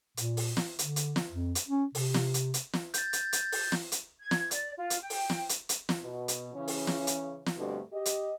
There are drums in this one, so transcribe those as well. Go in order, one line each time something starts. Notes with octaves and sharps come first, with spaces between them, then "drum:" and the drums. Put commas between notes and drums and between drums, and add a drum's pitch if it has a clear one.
A#2, drum: hi-hat
drum: open hi-hat
drum: snare
D3, drum: hi-hat
drum: hi-hat
drum: snare
F2
drum: hi-hat
C#4
C3, drum: open hi-hat
drum: snare
drum: hi-hat
drum: hi-hat
drum: snare
G6 A6, drum: hi-hat
drum: hi-hat
drum: hi-hat
drum: open hi-hat
drum: snare
drum: hi-hat
G#6
drum: snare
D5, drum: hi-hat
F4
drum: hi-hat
G5
drum: open hi-hat
drum: snare
drum: hi-hat
drum: hi-hat
drum: snare
B2
drum: hi-hat
C#3 E3 C#4
drum: open hi-hat
drum: snare
drum: hi-hat
drum: snare
G2 B2 D3 G3 A3 C4
G4 D#5
drum: hi-hat